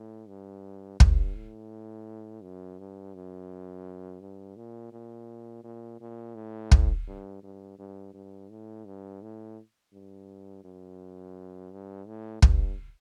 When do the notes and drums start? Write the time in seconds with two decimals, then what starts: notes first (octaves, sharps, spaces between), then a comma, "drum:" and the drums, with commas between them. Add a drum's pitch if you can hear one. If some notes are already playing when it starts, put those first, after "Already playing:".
Already playing: A2
0.28 G2
1.00 G2, drum: kick
1.36 A2
2.43 F#2
2.79 G2
3.15 F#2
4.21 G2
4.57 A#2
4.92 A#2
5.64 A#2
6.00 A#2
6.35 A2
6.71 drum: kick
7.07 G2
7.43 G2
7.79 G2
8.14 G2
8.50 A2
8.86 G2
9.22 A2
9.93 G2
10.64 F#2
11.72 G2
12.07 A2
12.42 G2, drum: kick